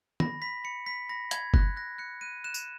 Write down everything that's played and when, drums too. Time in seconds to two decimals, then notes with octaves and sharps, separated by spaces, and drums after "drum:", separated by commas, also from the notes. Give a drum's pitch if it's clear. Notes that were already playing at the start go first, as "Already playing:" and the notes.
0.20 B5 A#6, drum: tom
0.42 B5 B6
0.64 B5 C#7
0.86 B5 B6
1.09 B5 A#6
1.31 B5 G#6, drum: hi-hat
1.54 F#6 A#6, drum: kick F#1
1.76 F#6 A#6
1.98 F#6 C#7
2.21 F#6 D#7
2.44 F#6 E7
2.54 drum: tambourine